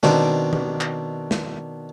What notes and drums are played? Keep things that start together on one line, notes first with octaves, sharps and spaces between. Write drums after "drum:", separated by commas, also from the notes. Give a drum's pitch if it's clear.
B2 D#3 C4 D4, drum: snare
drum: tom D#3
drum: clap
drum: snare